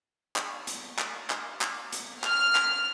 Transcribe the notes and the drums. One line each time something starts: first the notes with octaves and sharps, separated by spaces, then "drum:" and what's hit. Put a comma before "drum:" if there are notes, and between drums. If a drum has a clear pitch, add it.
drum: clap
drum: hi-hat
drum: clap
drum: clap
drum: clap
drum: hi-hat
F6, drum: clap
drum: clap